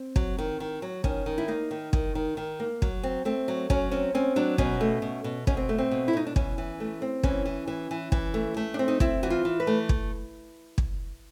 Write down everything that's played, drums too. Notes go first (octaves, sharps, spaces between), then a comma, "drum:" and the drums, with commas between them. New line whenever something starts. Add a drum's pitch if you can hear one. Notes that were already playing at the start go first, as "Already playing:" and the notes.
Already playing: C4
F#3, drum: kick
D#3
D#3
F#3
D#3 C#4, drum: kick
D#3
E4
A#3 D#4
D#3
D#3, drum: kick
D#3
D#3
A#3
F#3, drum: kick
C4
A3 C4
F#3
F#3 C#4, drum: kick
C4 C#4
C4 C#4
F#3 D4
B2 C#4, drum: kick
A3
B2
B2
B2 C#4, drum: kick
C4
A3
C4
B2
E4
B2 D#4
D4
E3 C#4, drum: kick
E3
A3
C4
E3 C#4, drum: kick
E3
E3
E3
E3, drum: kick
A3
A3
D4
C4
D#4
C4 E4, drum: kick
E3 F#4
F4
E3
B4
A3
drum: kick
drum: kick